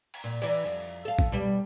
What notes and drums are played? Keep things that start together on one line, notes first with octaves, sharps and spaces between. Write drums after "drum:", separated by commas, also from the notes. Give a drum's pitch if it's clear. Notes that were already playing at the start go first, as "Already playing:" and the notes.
drum: cymbal
A#2
E3 D5, drum: cymbal
F2
A4 F5
drum: kick A#1
B2 G3